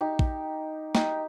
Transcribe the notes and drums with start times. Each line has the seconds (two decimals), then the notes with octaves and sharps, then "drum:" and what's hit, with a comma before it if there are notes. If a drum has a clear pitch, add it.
0.01 D#4 G4
0.19 drum: kick
0.95 D#4 G4, drum: snare